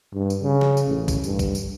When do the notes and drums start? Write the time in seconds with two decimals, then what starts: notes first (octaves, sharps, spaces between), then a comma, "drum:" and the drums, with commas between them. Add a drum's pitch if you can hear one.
0.13 G2
0.30 drum: tambourine
0.42 C#3
0.61 drum: snare
0.77 drum: tambourine
0.86 A1
1.08 drum: kick, tambourine
1.24 G2, drum: tambourine
1.39 drum: kick, tambourine
1.55 drum: tambourine